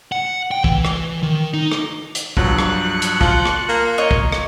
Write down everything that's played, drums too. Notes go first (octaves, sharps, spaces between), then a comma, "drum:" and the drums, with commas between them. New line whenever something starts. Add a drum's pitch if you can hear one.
F#5
G5
E3, drum: kick
drum: rim click
D#3
D#4
drum: rim click
drum: hi-hat
G2 F3 F#3 F#6 C#7, drum: kick
drum: rim click
drum: hi-hat
F3 F4, drum: kick
drum: rim click
A#3
C#5 D#5
drum: kick
drum: rim click